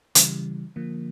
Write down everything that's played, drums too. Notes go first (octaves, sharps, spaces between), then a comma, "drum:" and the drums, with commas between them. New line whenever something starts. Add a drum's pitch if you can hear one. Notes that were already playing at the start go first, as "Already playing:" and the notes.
C#3 E3 G3, drum: hi-hat
D3 F3 A#3